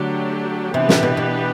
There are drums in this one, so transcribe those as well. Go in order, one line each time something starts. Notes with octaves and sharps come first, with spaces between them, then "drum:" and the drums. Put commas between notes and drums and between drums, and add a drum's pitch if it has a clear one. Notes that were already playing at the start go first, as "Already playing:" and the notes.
Already playing: D3 F#3 A3 D4 G4
C3 E3 B3 D4 G4 B4
A2, drum: snare
B2
B2